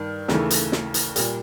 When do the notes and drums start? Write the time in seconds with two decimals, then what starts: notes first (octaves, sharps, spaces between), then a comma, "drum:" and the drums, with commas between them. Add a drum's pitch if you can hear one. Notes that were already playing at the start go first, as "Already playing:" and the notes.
Already playing: G2 D#3
0.28 D#2 C#3 E3 A3, drum: snare
0.50 drum: hi-hat
0.72 drum: snare
0.94 drum: hi-hat
1.16 A#2 G3, drum: hi-hat